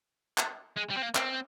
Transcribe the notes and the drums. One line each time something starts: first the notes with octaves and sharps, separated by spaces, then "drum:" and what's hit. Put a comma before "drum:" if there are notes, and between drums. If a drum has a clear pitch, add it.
drum: clap
G#3
G3
C4
A#3
C4, drum: clap